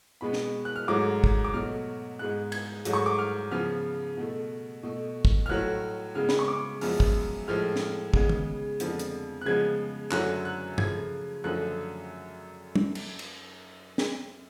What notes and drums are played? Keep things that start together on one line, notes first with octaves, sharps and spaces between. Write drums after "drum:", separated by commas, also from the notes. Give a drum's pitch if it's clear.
B2 G#3 B3 B5
drum: snare
F#6
F6
G#2 F#3 A3 D6
drum: kick
D6
B2 F#3 A3 F6
G#2 G#3 B3 F#6
G#6, drum: cymbal
G#2 F#3 A3, drum: hi-hat
C#6
D6
F6
C#3 F3 B3 F6
B2 A3
B2 A3
drum: kick
F6
A2 F#3 A3 F#6
C#3 G#3 B3 F6
B5, drum: snare
C#6
D6
F#2 F3 G#3 B3 F6, drum: open hi-hat
drum: kick
A2 F3 G#3 F6
drum: snare
C#3 G#3 B3, drum: kick
drum: tom
F2 D3 F3 G#3 B3, drum: hi-hat
drum: hi-hat
F#6
C#3 F3 G#3 B3 G#6
F#2 D3 F#3 A3 F#6, drum: clap
F#6
C#3 F3 A3 G#6, drum: tom G2
F#2 D3 F3 A3 F#6
drum: tom
drum: cymbal
drum: cymbal
drum: snare